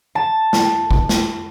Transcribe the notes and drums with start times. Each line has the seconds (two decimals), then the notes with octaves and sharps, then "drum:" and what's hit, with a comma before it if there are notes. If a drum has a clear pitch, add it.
0.15 A5
0.53 drum: snare
0.91 drum: kick
1.09 drum: snare